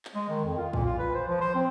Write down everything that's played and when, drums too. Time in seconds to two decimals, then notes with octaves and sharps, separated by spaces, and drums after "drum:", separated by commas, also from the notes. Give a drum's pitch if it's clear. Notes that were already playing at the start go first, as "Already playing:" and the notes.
0.05 drum: clap
0.15 G#3
0.30 D#3
0.45 F2
0.58 F4
0.73 A#2, drum: kick
0.86 F4
0.99 B4
1.15 C5
1.28 F3
1.41 C5
1.55 C4